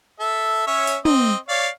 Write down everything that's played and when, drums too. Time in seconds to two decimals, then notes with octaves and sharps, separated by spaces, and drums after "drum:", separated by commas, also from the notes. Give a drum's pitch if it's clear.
0.20 A4 E5
0.67 C#4 C#5 E5
0.87 drum: hi-hat
1.05 C4 D#5, drum: tom
1.49 C#5 D5 F5